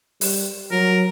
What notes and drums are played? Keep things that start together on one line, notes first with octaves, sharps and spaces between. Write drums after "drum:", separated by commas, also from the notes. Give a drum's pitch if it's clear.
G3, drum: open hi-hat
F#3 A#4